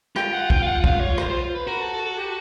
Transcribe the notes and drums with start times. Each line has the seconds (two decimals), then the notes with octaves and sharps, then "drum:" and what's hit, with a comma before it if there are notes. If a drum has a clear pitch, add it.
0.16 F4 G5, drum: rim click
0.33 F#5
0.50 G5, drum: kick
0.62 F5
0.67 F#5
0.84 F5, drum: kick
1.00 C#5
1.18 C5, drum: rim click
1.30 C5
1.55 B4
1.67 F#4 A#4
1.81 A4
1.93 A4
2.05 A4
2.18 G4